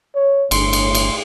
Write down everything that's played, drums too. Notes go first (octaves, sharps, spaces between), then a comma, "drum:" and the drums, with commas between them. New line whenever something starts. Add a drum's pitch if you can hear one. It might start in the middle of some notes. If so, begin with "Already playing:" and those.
C#5
G1 A2 C6, drum: cymbal
drum: cymbal
drum: cymbal